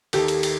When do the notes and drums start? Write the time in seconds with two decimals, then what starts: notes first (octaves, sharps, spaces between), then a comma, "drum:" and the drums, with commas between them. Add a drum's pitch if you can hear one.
0.13 D#2 D#3 G4 A4, drum: cymbal
0.28 drum: cymbal
0.43 drum: cymbal